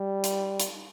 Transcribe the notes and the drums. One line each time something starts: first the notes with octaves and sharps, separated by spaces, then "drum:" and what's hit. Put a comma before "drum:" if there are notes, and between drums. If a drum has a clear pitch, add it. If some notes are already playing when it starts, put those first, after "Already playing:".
Already playing: G3
drum: hi-hat
drum: hi-hat